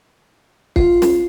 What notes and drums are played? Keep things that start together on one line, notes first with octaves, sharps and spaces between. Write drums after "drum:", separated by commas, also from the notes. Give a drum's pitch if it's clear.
F4, drum: kick
drum: snare